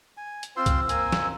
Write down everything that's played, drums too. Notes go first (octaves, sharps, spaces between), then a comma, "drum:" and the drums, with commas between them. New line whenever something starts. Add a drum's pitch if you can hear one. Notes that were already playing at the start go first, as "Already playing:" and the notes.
G#5
drum: hi-hat
C4 F4 C5 C6 E6
drum: kick B1, hi-hat
A#3 C5 G#5, drum: hi-hat
drum: snare